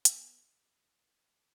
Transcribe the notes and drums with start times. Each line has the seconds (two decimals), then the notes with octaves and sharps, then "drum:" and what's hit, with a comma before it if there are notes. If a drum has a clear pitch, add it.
0.05 B3, drum: hi-hat